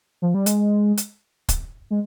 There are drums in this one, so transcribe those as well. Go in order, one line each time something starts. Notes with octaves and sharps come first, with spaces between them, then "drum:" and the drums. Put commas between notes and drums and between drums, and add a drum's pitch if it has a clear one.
F3
G3
G#3, drum: hi-hat
drum: hi-hat
drum: kick, hi-hat
G#3